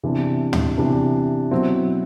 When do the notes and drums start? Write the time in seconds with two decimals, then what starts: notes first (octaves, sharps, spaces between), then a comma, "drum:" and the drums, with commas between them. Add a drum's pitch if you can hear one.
0.03 C3 E3 B3 D4
0.53 drum: tom
0.78 C3 E3 B3 D4
1.51 B2 F#3 C4 E4